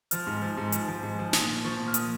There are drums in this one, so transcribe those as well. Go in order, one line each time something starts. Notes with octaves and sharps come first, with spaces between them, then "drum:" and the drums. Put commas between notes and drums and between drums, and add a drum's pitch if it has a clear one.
F3 F6, drum: hi-hat
G#2
F3
G#2
F3, drum: hi-hat
F3
G#2
F3
A#2 D#6, drum: snare
F3
F3 C#6
A#2
F6
A#2 D#6, drum: hi-hat